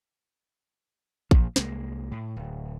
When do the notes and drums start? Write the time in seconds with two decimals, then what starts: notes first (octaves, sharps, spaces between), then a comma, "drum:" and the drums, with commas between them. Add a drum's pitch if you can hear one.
1.31 A#2 F3, drum: kick A1
1.56 C2 G#3 A#3, drum: snare
2.11 A2
2.36 D1